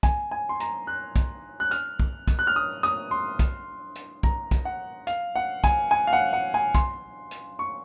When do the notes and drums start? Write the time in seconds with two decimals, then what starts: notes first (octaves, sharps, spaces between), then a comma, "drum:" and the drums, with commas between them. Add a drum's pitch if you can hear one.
0.03 G#5, drum: kick, hi-hat
0.31 G#5
0.49 C6
0.60 A#5, drum: hi-hat
0.87 F#6
1.16 drum: kick, hi-hat
1.60 F#6
1.71 F6, drum: hi-hat
2.00 drum: kick
2.27 drum: kick, hi-hat
2.39 F#6
2.47 F6
2.56 D#6
2.83 D#6, drum: hi-hat
3.11 C6
3.39 drum: kick, hi-hat
3.95 drum: hi-hat
4.23 A#5, drum: kick
4.51 drum: kick, hi-hat
4.65 F#5
5.07 F5, drum: hi-hat
5.36 F#5
5.64 G#5, drum: kick, hi-hat
5.91 G#5
6.07 F5
6.13 F#5
6.33 F#5
6.54 G#5
6.75 C6, drum: kick, hi-hat
7.31 drum: hi-hat
7.59 C#6